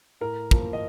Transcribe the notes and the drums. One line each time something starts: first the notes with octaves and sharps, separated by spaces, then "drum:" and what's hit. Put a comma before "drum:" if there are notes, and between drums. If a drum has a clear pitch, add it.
A2 A#4
F3 A#3, drum: kick
D#5